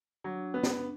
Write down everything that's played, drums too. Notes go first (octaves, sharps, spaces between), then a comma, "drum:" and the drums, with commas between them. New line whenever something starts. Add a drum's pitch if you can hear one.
F#3 D4
B3
drum: snare